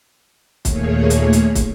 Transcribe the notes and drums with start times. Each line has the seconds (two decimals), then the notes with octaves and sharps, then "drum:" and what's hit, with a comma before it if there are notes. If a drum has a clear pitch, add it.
0.65 D#2 A#2 A3 A#3 G#4 C#5, drum: kick, hi-hat
1.10 drum: hi-hat
1.33 drum: hi-hat
1.55 drum: kick, hi-hat